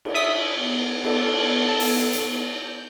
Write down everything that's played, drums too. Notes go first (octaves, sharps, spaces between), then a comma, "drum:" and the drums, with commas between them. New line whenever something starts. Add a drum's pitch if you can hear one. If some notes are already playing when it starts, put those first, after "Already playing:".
drum: cymbal
E5 D#6 B6
B3 C7
A4, drum: cymbal
A5
drum: open hi-hat
drum: hi-hat
G6